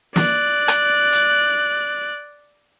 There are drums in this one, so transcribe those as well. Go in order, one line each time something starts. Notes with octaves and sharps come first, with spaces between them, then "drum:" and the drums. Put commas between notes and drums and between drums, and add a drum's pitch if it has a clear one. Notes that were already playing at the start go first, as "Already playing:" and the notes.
D5 F#6, drum: snare
drum: rim click
drum: hi-hat